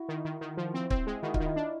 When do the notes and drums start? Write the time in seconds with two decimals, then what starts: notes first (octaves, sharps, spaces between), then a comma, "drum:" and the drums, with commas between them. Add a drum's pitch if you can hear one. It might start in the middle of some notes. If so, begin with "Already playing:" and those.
Already playing: E4 F#4
0.09 D#3
0.25 D#3
0.41 D#3
0.57 F3
0.74 C4
0.90 C4, drum: kick
1.07 G#3
1.23 D#3 E4 F#4
1.34 D#4 F4, drum: kick
1.40 D#3
1.45 E4
1.56 D4